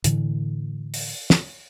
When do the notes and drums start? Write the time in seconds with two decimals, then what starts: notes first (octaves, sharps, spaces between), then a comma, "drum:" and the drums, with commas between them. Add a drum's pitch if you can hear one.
0.04 A2 D3 E3, drum: hi-hat
0.94 drum: open hi-hat
1.30 drum: snare